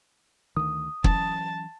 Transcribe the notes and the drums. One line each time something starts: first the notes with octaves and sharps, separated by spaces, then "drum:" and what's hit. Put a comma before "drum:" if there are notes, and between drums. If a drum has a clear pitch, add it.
D2 D#3 D#6
E3 F#3 C#4 A5, drum: kick